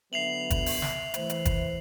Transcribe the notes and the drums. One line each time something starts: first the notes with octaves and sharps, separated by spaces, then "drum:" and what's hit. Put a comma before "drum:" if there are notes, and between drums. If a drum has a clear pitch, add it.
D3 F#3 B3 E5 C7 F7 F#7
drum: kick, hi-hat
drum: open hi-hat
drum: snare
E3 A3 C5, drum: hi-hat
drum: hi-hat
drum: kick, hi-hat